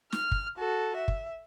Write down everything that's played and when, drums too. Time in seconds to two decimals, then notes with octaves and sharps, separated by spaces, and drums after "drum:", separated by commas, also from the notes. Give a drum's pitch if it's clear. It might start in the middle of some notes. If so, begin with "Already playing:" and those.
0.12 F6, drum: snare
0.31 drum: kick
0.58 F#4 A4
0.97 E5
1.08 drum: kick